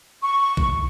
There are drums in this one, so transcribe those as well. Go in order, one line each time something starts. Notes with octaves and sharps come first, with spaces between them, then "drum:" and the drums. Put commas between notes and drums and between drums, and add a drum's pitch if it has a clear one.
C#6
drum: kick A#1